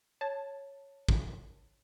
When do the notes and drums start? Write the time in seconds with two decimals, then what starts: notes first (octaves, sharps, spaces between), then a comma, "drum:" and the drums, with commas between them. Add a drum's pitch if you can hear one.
0.21 C#5 A5
1.09 drum: kick